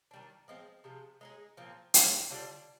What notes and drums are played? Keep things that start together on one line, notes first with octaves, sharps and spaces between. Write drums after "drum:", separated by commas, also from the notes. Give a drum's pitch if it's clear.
D#3 G3 D4
F3 G#3 C4
C3 F3 G#3
G#3 D#4 G#4
A#2 F3 C4
D#3 A#3 F4 G#4, drum: hi-hat
D3 G3 D4 F4